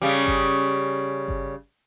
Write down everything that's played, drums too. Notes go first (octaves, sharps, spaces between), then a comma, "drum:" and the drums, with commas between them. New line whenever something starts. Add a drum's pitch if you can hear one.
C#3 G3
drum: kick G1
drum: kick G1